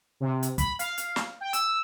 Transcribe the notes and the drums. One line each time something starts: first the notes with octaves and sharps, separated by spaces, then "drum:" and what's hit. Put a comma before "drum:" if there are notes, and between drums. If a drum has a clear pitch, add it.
C3
drum: hi-hat
B5, drum: kick, hi-hat
F5, drum: hi-hat
drum: hi-hat
drum: snare
G5
E6, drum: hi-hat